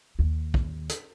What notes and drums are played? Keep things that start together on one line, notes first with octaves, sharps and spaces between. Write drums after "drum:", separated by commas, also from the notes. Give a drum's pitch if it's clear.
D#2
drum: kick
drum: hi-hat